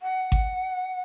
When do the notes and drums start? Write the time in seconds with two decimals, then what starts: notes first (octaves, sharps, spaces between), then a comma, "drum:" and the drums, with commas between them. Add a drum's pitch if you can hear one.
0.02 F#5
0.32 drum: kick G#1